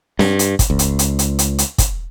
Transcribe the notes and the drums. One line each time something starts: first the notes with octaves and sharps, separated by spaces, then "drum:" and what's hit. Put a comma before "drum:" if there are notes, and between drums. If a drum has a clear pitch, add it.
G2, drum: snare
drum: hi-hat
drum: kick, hi-hat
C#2
drum: hi-hat
drum: hi-hat
drum: hi-hat
drum: hi-hat
drum: hi-hat
drum: kick, hi-hat